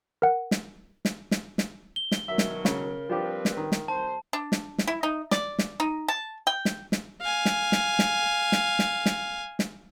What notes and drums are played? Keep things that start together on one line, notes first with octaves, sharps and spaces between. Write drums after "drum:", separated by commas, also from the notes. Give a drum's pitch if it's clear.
A#4 F#5
drum: snare
drum: snare
drum: snare
drum: snare
G7
drum: snare
B2 D#3 F#3 A#4 E5
drum: snare
C#3, drum: snare
F3 G3 C4 D4 G4 B4
drum: snare
D#3
drum: snare
C2 C5 A5
D4
drum: snare
drum: snare
E4
D#4
D5, drum: snare
drum: snare
D#4
A5
G5
drum: snare
drum: snare
F5 G#5
drum: snare
drum: snare
drum: snare
drum: snare
drum: snare
drum: snare
drum: snare